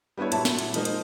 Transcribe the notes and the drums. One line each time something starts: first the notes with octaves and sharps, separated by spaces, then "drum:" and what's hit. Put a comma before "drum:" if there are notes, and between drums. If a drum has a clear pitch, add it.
G3 B3 D4 E4 C#5
A#2 F#3 E5 A5, drum: hi-hat
drum: snare
drum: hi-hat
F3 G#3 A#3 D#4 C5, drum: hi-hat
drum: hi-hat